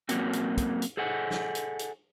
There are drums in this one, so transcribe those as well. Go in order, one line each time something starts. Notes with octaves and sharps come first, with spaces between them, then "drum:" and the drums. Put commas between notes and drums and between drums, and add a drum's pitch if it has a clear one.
F#3 A#3 C4 C#4 F#4, drum: hi-hat
drum: hi-hat
drum: kick, hi-hat
drum: hi-hat
G#4 A4 D#5 F#5 G#5
drum: snare
drum: hi-hat
drum: hi-hat